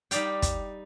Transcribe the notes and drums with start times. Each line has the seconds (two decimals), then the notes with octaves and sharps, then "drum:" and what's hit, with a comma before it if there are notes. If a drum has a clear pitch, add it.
0.11 G3 D#4 D5 F5 G5, drum: hi-hat
0.42 drum: kick, hi-hat